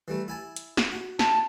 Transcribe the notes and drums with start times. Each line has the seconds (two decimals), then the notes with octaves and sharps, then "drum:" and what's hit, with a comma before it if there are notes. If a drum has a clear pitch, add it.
0.08 E3 G3 A3
0.28 E4 G#5 A5
0.56 drum: hi-hat
0.77 drum: snare
0.92 F#4
1.19 A5, drum: snare